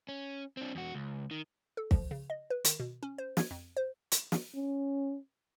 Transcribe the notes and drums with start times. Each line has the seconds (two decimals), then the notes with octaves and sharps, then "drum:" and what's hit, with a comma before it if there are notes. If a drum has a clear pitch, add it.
0.09 C#4
0.57 C4 D4
0.75 E2 F#4
0.94 C#2
1.31 D#3
1.77 A4
1.91 F3, drum: kick
2.11 C#3
2.30 D#5
2.50 B4
2.64 D#3, drum: hi-hat
2.80 B2
3.03 C#4
3.18 C5
3.37 G#6, drum: snare
3.51 F2
3.77 C5
4.12 drum: hi-hat
4.32 drum: snare
4.55 C#4